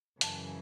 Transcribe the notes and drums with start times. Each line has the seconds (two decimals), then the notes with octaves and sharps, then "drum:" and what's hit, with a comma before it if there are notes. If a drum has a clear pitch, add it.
0.21 F#2 C#3 E3 A5, drum: hi-hat